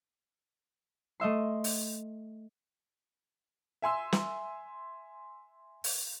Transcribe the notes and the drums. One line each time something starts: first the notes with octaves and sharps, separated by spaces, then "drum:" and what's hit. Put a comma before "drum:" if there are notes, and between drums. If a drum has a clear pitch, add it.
A3 D#5 E5 C6
drum: open hi-hat
E5 G#5 C6 E6
drum: snare
drum: open hi-hat